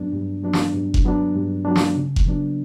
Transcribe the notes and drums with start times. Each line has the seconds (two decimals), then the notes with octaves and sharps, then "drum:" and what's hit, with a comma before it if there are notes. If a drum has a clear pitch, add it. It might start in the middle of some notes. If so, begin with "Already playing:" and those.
Already playing: G2 F#3 B3 D4
0.13 G2
0.43 F#3 B3 D4
0.53 drum: snare
0.74 G2
0.94 drum: kick F#1
1.05 F#3 B3 D4
1.35 G2
1.65 F#3 B3 D4
1.76 drum: snare
1.96 C#3
2.16 drum: kick F#1
2.26 F#3 B3 D4